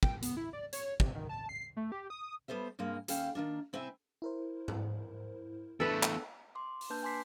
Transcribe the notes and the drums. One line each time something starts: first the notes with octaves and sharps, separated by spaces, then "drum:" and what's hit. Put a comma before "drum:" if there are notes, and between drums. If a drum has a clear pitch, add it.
G5, drum: kick
B3, drum: hi-hat
E4
D5
C#5, drum: hi-hat
C3, drum: kick
D#3
A5
C7
A3
G4
D#6
G3 B3 A4 C5 E5
G2 C3 G#3 A#3
D#2 C#4 A4 F5 G5, drum: hi-hat
D#3 F3 A#3 D4
C3 C4 E4 E5 G#5
E4 A#4 C5
drum: tom G#2
E2 A3 D4 A4 B4
drum: clap
C6 D6
drum: open hi-hat
A#3 D4 B4 A5 G6
G#5 A5 C6 D6 B6 C7